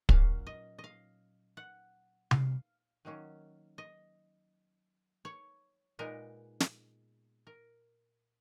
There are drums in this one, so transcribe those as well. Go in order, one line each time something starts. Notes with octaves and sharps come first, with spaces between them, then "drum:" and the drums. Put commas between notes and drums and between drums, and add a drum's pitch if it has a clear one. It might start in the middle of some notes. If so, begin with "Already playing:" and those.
A#2 F#3 A#3 C#4 F5, drum: kick
D#5
D#5
F5
F#5
F5, drum: tom C3
D#3 F#3 A#3 C#4
D#5
C#5
A#2 G#3 B3 D#4 A#4
drum: snare
A#4